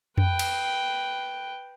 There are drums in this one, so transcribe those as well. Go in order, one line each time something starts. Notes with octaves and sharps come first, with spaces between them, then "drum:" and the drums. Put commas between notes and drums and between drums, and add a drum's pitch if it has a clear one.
B4 G5, drum: tom F2
drum: cymbal